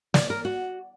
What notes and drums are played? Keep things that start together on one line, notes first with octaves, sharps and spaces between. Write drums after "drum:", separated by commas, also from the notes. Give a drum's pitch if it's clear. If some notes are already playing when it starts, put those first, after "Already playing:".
D5, drum: snare
A#4
F#4